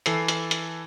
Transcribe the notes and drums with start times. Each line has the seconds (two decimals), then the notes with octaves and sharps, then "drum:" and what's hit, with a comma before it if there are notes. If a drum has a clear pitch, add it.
0.06 E3 A4 C7, drum: hi-hat
0.28 drum: hi-hat
0.51 drum: hi-hat